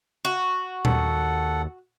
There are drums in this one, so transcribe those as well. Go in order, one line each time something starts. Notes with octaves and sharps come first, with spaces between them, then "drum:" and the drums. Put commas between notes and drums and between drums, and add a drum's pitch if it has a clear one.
F#4
D#2 A4 F#5, drum: tom A#2